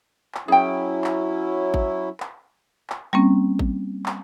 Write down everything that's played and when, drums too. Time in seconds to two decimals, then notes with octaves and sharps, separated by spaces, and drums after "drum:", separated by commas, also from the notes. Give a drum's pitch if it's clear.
0.35 drum: clap
0.48 F#3 C#4 E4 G#4 G5
1.04 drum: clap
1.74 drum: kick G#1
2.20 drum: clap
2.90 drum: clap
3.13 G3 A#3 C4 C#4
3.59 drum: kick G#1
4.06 drum: clap